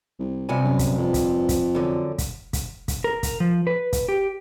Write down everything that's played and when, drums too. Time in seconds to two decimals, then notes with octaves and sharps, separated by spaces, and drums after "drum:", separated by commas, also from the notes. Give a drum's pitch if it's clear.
0.19 C2
0.49 G2 C3 G#5
0.64 F#2
0.79 drum: kick, hi-hat
0.98 F2
1.14 drum: kick, hi-hat
1.49 drum: kick, hi-hat
1.75 F#2 D3
2.18 drum: kick, hi-hat
2.53 drum: kick, hi-hat
2.88 drum: kick, hi-hat
3.04 A#4
3.23 drum: kick, hi-hat
3.40 F3
3.67 B4
3.93 drum: kick, hi-hat
4.09 G4